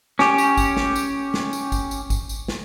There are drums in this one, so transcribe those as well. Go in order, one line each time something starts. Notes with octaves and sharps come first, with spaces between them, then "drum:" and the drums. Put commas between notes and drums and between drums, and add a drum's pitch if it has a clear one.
C#4 G4, drum: snare
drum: tambourine
drum: kick, tambourine
drum: snare
drum: tambourine
drum: snare
drum: tambourine
drum: kick, tambourine
drum: tambourine
drum: kick, tambourine
drum: tambourine
drum: snare